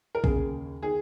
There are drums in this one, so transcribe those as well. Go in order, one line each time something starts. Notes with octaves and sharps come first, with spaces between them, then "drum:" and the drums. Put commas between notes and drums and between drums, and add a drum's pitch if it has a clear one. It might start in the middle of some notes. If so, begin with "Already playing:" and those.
A#4
D#2 C#3 G#4, drum: kick A#1
D#3 G#4